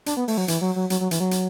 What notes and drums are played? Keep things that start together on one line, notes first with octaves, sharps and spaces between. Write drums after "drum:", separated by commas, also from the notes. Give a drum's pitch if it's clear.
D4, drum: hi-hat
B3
A3, drum: open hi-hat
F#3
E3, drum: hi-hat
F#3
F#3
F#3, drum: hi-hat
F#3
E3, drum: hi-hat
F#3
drum: hi-hat